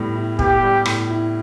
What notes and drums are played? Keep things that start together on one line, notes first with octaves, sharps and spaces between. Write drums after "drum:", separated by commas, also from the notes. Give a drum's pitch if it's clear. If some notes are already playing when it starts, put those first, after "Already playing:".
Already playing: A2 G3 B3
E4
B3 G4, drum: kick
G3
A2, drum: rim click
E4